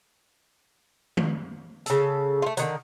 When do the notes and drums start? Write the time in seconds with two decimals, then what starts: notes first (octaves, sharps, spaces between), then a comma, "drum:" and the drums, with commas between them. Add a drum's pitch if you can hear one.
1.17 drum: tom
1.86 C#3 A4, drum: hi-hat
2.42 A3 F4
2.57 D3 D#3 F#3, drum: hi-hat